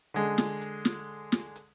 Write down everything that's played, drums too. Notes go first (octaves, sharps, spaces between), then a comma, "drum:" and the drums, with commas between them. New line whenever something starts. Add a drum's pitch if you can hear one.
D3 G#3
drum: snare
drum: hi-hat
drum: snare
drum: snare
drum: hi-hat